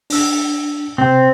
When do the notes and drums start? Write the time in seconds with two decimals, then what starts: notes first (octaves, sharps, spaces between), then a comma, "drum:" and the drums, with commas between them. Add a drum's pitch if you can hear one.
0.10 D4 E6, drum: open hi-hat
0.98 C3 C4